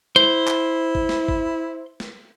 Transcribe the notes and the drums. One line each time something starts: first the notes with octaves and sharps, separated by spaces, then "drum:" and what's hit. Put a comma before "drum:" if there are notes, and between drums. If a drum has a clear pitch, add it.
E4 C5, drum: tom
drum: clap
drum: kick G#1
drum: snare
drum: kick G#1
drum: snare